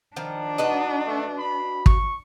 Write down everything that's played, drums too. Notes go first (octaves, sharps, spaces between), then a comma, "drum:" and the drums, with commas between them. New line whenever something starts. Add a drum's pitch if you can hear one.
D#3 F3 D4
D#4 F#4 B4 D#5
A3
B5
C#6, drum: kick